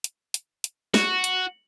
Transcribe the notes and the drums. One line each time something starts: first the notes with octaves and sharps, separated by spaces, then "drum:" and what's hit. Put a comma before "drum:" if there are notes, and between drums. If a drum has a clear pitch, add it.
drum: hi-hat
drum: hi-hat
drum: hi-hat
F#4, drum: snare
drum: hi-hat